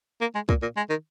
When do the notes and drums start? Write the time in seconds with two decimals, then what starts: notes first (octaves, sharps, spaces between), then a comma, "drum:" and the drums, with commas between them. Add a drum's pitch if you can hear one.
0.21 A#3
0.35 G#3
0.49 A#2, drum: kick
0.62 A#2
0.77 G#3
0.90 D#3